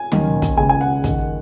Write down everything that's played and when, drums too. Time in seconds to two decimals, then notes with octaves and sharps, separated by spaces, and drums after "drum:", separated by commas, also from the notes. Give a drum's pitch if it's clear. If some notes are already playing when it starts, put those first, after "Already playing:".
Already playing: G#5
0.12 D#2 D#3 A#3 C#4, drum: tom
0.42 drum: kick, hi-hat
0.57 C#2 C#3 G#3 G#5
0.69 G#5
0.81 F#5
1.04 F#1 F#2 D#3, drum: kick, hi-hat